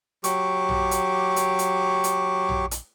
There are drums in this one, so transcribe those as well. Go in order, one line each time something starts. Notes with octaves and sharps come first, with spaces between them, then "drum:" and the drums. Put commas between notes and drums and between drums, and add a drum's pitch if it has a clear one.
F#3 G4 C#6 D6, drum: hi-hat
drum: tom A#1
drum: hi-hat
drum: hi-hat
drum: hi-hat
drum: hi-hat
drum: tom A#1
drum: hi-hat